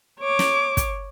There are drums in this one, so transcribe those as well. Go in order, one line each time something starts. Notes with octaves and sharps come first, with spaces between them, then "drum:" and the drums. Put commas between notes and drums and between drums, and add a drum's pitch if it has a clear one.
C#5 D6
drum: snare
drum: kick, hi-hat